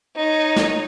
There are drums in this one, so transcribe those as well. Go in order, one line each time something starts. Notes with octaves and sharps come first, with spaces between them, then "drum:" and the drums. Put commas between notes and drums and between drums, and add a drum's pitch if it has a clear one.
D#4 C#5
drum: snare